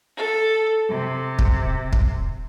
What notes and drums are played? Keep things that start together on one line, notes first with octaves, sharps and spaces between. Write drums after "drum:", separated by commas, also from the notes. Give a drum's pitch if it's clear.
A4
C3
drum: kick
drum: kick